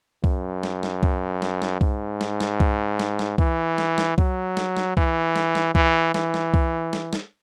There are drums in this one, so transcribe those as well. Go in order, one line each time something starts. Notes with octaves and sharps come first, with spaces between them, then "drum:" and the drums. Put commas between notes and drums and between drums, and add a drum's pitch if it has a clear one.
F#2, drum: kick C2
drum: snare
drum: snare
drum: kick C2
drum: snare
drum: snare
G#2, drum: kick C2
drum: snare
drum: snare
drum: kick C2
drum: snare
drum: snare
E3, drum: kick C2
drum: snare
drum: snare
F#3, drum: kick C2
drum: snare
drum: snare
E3, drum: kick C2
drum: snare
drum: snare
E3, drum: kick C2
E3, drum: snare
drum: snare
drum: kick C2
drum: snare
drum: snare